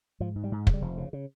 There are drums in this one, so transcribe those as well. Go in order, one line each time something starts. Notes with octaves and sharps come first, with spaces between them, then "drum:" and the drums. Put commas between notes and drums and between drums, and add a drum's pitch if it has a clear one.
G#2 F3
G#2
G3
G#2
C#3 F3, drum: kick
G3
F1 F3
C#3
C#3